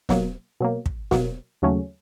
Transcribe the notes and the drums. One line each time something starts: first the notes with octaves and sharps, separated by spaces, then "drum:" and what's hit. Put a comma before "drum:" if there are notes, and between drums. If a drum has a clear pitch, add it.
B2 F#3 A#3, drum: snare
B2 F#3 A#3
drum: kick
B2 F#3 A#3, drum: snare
D#2 C#3 F#3 A3 C#4